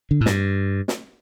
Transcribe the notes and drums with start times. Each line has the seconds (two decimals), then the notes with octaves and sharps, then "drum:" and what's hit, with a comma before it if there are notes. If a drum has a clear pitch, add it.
0.11 D3
0.21 A2
0.26 G2, drum: snare
0.88 drum: snare